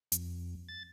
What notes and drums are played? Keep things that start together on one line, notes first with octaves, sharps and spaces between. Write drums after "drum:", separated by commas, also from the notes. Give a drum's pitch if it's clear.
F2, drum: hi-hat
A6